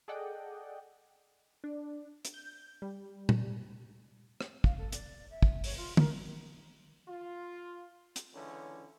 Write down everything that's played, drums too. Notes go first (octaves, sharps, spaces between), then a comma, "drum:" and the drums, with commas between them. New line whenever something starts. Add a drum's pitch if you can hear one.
G#4 A4 D5 D#5 F#5 G5
D4
drum: hi-hat
G6
G3
drum: tom
drum: rim click
F5, drum: kick
A4
D5, drum: hi-hat
E5
drum: kick
C#5, drum: open hi-hat
F4
A#4, drum: tom D3
F4
drum: hi-hat
C#2 D3 E3 C#4